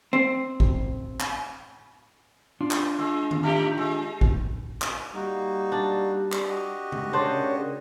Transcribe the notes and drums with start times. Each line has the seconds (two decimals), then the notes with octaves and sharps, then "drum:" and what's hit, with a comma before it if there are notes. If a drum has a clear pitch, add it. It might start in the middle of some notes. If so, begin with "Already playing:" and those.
0.13 C4
0.60 drum: kick
1.20 drum: clap
2.61 D4 F4
2.71 drum: clap
2.98 G#3
3.31 drum: tom D#3
3.43 A3 D#4 G4
3.77 G#3
4.21 drum: kick
4.82 drum: clap
5.14 G3 A#3 D#4 F#4
5.72 D4
6.32 drum: clap
6.48 F#4 G4 D#5
6.92 drum: tom C3
7.13 C#3 D4 G#4 A#4 C5 C#5